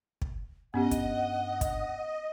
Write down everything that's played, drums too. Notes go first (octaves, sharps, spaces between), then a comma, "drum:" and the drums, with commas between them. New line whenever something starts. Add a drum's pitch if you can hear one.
drum: kick
G2 B3 C#4 G4 D#5 F#5
drum: kick, hi-hat
drum: kick, hi-hat